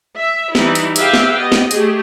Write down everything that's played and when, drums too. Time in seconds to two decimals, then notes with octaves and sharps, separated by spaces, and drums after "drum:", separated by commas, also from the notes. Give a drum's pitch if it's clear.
0.17 E5
0.55 E3 G3 D#4 E4, drum: snare
0.75 drum: hi-hat
0.96 G4 G#4 B4 E5 F5 G5, drum: hi-hat
1.14 drum: snare
1.36 B3 G4 D#5
1.52 drum: snare
1.71 A3 G4 G#4, drum: hi-hat